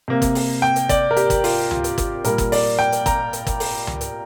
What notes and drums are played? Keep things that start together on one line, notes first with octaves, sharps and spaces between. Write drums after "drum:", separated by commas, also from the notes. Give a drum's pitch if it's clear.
C3 A#3
drum: kick, hi-hat
drum: open hi-hat
G5
drum: hi-hat
D5, drum: kick, hi-hat
A#4
G4, drum: hi-hat
drum: kick, hi-hat
F4, drum: open hi-hat
F4, drum: tom C#2
drum: hi-hat
drum: kick, hi-hat
A#2 G3 A#3 A#4, drum: hi-hat
drum: kick, hi-hat
D5, drum: open hi-hat
G5
drum: hi-hat
A#5, drum: kick, hi-hat
drum: hi-hat
drum: kick, hi-hat
drum: open hi-hat
drum: tom C#2
drum: hi-hat